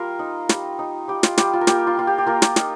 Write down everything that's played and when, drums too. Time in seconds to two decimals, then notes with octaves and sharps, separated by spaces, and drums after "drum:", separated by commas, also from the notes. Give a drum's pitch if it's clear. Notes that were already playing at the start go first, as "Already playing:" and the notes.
Already playing: G3 F4 A#4
0.19 D#4
0.49 G3, drum: snare
0.79 D#4
1.08 G3 G4
1.23 F4, drum: snare
1.38 G3 G4, drum: snare
1.53 F4
1.61 A#4
1.67 A#3 G4, drum: snare
1.87 F4
1.97 A#3 F4
2.07 G4
2.18 G4
2.26 A#3 F4 A#4
2.42 drum: snare
2.56 D#4, drum: snare